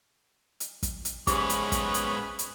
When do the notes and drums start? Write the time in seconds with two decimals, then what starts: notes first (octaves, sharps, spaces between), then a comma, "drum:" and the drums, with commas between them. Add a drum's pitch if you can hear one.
0.60 drum: hi-hat
0.83 drum: kick, hi-hat
1.05 drum: hi-hat
1.27 G#2 B3 C#4 G4 G#4 B4, drum: kick, hi-hat
1.49 drum: hi-hat
1.72 drum: kick, hi-hat
1.94 drum: hi-hat
2.39 drum: hi-hat